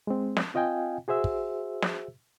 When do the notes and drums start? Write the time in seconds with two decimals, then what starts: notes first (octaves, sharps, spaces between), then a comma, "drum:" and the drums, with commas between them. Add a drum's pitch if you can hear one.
0.07 G#3 C4
0.37 drum: snare
0.54 C4 F4 D#5 F5 G5 G#5
1.08 F#4 G#4 C5 E5 E6
1.24 drum: kick
1.82 drum: snare